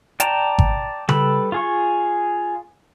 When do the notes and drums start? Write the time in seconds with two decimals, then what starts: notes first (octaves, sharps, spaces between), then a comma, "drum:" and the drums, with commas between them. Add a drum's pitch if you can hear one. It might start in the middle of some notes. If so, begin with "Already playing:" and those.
0.20 D5 G5 A5 A#5, drum: hi-hat
0.59 drum: kick G#1
1.09 G3 A4 B4 B5, drum: tom C#3
1.52 F4 G#4 C#6